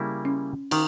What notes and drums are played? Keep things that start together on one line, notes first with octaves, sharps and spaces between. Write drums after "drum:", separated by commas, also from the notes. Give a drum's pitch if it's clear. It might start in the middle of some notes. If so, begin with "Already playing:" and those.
Already playing: C#3 G3 A#3 E4
C#4
D#3 D#4, drum: cymbal